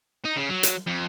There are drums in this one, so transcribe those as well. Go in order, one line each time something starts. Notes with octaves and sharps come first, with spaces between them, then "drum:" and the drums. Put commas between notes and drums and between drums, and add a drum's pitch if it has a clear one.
D#4
C#3
F#3
drum: hi-hat
F2